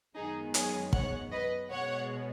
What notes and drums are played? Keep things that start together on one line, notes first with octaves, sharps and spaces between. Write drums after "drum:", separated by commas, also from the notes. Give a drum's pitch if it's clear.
F#2 D#3 G#3 B3 D#4 G#4
G#4 C#5, drum: hi-hat
C#5 F#5, drum: kick
B4 D#5
B2 G#3 B3 C#5 F#5